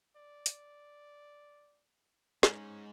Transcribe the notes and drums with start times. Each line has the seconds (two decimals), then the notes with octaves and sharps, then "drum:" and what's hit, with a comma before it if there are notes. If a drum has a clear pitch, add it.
0.16 D5
0.46 drum: hi-hat
2.43 G#3 C#4 D#4, drum: snare